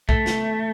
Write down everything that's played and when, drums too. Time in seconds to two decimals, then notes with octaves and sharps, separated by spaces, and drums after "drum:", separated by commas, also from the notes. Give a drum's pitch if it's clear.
0.09 A3, drum: kick B1
0.26 drum: snare